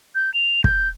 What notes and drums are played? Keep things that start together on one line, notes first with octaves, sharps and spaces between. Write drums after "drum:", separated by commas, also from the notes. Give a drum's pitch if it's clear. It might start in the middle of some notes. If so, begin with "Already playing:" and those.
G6
F7
G6, drum: kick